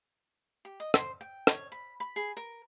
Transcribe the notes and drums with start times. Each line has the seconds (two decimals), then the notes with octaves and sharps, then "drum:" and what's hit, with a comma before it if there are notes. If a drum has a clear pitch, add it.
0.65 G4
0.80 D#5
0.94 C5, drum: rim click
1.21 G5
1.47 C#5, drum: rim click
1.72 B5
2.00 B5
2.16 G#4
2.37 A#4